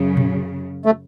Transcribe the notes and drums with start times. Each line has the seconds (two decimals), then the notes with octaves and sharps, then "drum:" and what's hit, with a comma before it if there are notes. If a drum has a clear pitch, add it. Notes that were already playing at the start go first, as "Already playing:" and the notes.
Already playing: F#2 C#3 F#3
0.17 drum: tom A#2
0.86 A3